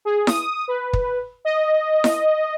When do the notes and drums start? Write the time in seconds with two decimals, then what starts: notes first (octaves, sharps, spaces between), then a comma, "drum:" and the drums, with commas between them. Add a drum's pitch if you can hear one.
0.05 G#4
0.27 D#6, drum: snare E4
0.68 B4
0.93 drum: kick
1.45 D#5
2.04 drum: snare E4